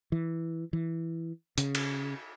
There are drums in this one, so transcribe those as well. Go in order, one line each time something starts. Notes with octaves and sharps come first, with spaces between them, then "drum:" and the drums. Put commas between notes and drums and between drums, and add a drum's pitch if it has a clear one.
E3
E3
C#3, drum: hi-hat
drum: cymbal